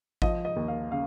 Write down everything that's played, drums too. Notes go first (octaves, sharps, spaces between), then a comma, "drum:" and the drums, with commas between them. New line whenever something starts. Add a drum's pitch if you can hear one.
F3 D#5, drum: kick G#1
D#5
D#2
F5
C#3 F5